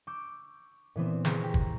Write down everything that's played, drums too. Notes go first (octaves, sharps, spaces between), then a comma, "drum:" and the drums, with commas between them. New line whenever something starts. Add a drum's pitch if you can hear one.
C#6 D6 E6 G6
A#2 E3 B3 C4
G#4 A#5 C6 C#6, drum: snare
G4
drum: kick